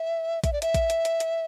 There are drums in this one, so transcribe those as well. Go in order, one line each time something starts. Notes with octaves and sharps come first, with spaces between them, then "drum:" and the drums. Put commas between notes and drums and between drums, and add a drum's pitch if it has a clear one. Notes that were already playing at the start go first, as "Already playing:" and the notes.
Already playing: E5
E5, drum: kick A#1, hi-hat
D5
E5, drum: hi-hat
drum: kick A#1, hi-hat
drum: hi-hat
drum: hi-hat
drum: hi-hat